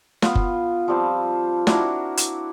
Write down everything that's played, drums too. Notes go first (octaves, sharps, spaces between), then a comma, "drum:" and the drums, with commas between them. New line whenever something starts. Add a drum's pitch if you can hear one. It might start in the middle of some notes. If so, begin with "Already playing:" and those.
B3 F4, drum: snare
drum: kick F#1
F3 G3 C4 A5
D4 E4 F#4 A#4, drum: snare
drum: hi-hat